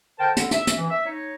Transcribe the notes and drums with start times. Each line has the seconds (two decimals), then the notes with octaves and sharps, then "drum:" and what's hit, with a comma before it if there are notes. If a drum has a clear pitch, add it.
0.19 D3 A#4 C5 G5 A5
0.37 D3, drum: hi-hat
0.51 E5, drum: hi-hat
0.67 drum: hi-hat
0.76 E3
0.89 E5
1.06 D#4 C#5